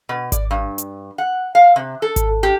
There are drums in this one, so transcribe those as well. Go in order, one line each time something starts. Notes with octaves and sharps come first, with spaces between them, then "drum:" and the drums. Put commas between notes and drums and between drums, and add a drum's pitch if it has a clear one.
B2
D5, drum: kick G#1, hi-hat
G2
drum: hi-hat
F#5
F5
C3
A4
drum: kick G#1, hi-hat
G4